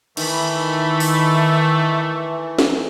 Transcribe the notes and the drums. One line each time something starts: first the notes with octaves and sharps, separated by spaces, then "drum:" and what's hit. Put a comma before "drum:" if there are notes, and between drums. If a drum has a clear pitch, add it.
D#3 E3 A3 B5, drum: cymbal
drum: open hi-hat
drum: snare